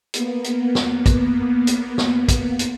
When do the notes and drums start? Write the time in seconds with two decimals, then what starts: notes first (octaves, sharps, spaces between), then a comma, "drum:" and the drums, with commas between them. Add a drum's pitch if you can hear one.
0.14 A#3 B3, drum: hi-hat
0.44 drum: hi-hat
0.75 drum: snare
1.06 drum: kick, hi-hat
1.67 drum: hi-hat
1.98 drum: snare
2.28 drum: kick, hi-hat
2.59 drum: hi-hat